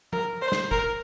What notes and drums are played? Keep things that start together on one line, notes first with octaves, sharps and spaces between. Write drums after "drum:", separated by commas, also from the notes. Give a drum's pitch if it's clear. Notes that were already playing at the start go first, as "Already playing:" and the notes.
A#4, drum: tom
C5
drum: snare
A#4, drum: kick